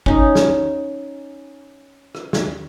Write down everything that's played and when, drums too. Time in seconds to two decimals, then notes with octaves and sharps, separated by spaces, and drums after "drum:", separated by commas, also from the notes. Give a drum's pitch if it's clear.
0.06 C#4 D#4, drum: kick
0.35 drum: snare
2.15 drum: rim click
2.33 drum: snare